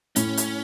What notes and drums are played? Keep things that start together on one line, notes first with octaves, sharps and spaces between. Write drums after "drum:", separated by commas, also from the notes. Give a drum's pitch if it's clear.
A2 C#4, drum: hi-hat
drum: hi-hat